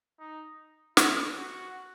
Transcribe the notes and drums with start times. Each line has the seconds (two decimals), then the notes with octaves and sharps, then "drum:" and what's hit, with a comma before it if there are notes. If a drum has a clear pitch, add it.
0.20 D#4
0.97 E4, drum: snare
1.36 F#4